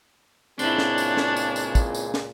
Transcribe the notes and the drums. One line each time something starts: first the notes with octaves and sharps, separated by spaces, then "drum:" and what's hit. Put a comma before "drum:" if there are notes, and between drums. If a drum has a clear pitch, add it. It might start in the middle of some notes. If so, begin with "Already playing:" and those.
C#2 A#2 C4 D4 E4 G#4 C#5, drum: tambourine
drum: snare
drum: tambourine
drum: snare
drum: tambourine
drum: tambourine
drum: kick, tambourine
drum: tambourine
drum: snare